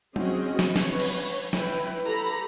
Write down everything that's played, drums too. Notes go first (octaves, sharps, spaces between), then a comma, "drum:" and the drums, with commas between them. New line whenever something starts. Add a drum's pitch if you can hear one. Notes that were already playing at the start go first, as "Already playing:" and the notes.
C4 C#4 F#4 G#4 D#5, drum: tom F#3
drum: snare
B4 C#5, drum: snare
drum: cymbal
E4 B4 G5, drum: snare
G4 A4 A#5 B5